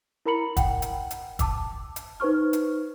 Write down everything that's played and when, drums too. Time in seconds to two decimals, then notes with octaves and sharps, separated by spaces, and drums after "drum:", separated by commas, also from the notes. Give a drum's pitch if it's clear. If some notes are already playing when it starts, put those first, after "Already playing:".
0.26 E4 A#4 A#5 B5 C#7 F#7
0.57 F#5 G5, drum: kick, hi-hat
0.82 drum: hi-hat
1.11 drum: hi-hat
1.39 A5 D6 E6, drum: kick, hi-hat
1.96 drum: hi-hat
2.20 D#4 B4 C5 C#6 F6
2.53 drum: hi-hat